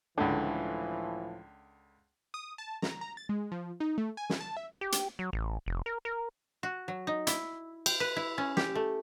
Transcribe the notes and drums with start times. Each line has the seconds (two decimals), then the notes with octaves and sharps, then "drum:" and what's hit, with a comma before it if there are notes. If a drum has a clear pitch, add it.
0.18 C#2 A2 D3 E3 F3
2.34 D#6
2.58 A5
2.82 A#5, drum: snare
3.01 A#5
3.17 A6
3.29 G#3
3.52 F3
3.80 D#4
3.98 A3
4.17 G#5
4.30 drum: snare
4.40 A5
4.57 E5
4.81 G4
4.92 drum: hi-hat
5.19 F#3
5.33 A1
5.66 F1
5.86 A#4
6.05 A#4
6.63 F#4
6.88 F#3
7.07 D#4
7.27 E4, drum: hi-hat
7.86 G5, drum: cymbal
8.00 B4
8.16 E4
8.38 C#4
8.57 G4, drum: snare
8.75 A3